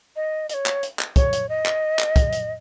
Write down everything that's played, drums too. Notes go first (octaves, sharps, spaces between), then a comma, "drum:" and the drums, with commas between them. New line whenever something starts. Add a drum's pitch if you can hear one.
D#5
D#5, drum: hi-hat
C#5
drum: clap
drum: hi-hat
drum: clap
C#5, drum: kick, hi-hat
drum: hi-hat
D#5
drum: clap
drum: clap
drum: kick, hi-hat
drum: hi-hat